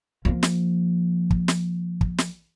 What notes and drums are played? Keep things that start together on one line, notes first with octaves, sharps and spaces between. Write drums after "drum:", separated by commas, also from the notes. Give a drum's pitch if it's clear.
F3 A#3
drum: snare
drum: kick
drum: snare
drum: kick
drum: snare